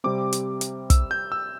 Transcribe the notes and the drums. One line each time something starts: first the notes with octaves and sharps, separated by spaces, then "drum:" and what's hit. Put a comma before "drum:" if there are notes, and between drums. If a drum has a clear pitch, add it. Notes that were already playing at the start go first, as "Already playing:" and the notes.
C3 G3 C4 D6
drum: hi-hat
drum: hi-hat
E6, drum: kick, hi-hat
G6
E6